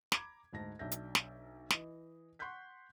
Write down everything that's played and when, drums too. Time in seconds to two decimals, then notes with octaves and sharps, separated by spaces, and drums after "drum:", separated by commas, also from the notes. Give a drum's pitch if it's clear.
0.12 A#5 B5 D6 G#6, drum: snare
0.53 D2 G#2 A5 A#6
0.79 B1 D4 E5 G6 A#6
0.92 drum: hi-hat
1.15 drum: snare
1.70 E3 D#5, drum: snare
2.39 F#5 C6 C#6 F#6 G6 B6